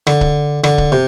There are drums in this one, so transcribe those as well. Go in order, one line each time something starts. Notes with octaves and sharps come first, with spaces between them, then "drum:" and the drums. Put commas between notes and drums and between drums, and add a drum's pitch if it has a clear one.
D3, drum: rim click
drum: kick C#1
D3, drum: rim click
drum: kick C#1
C3